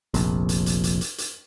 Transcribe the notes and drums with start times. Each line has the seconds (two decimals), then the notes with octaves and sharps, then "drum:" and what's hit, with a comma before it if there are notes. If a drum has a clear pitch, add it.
0.14 F1 A#1, drum: hi-hat
0.49 drum: hi-hat
0.66 drum: hi-hat
0.84 drum: hi-hat
1.01 drum: hi-hat
1.18 drum: hi-hat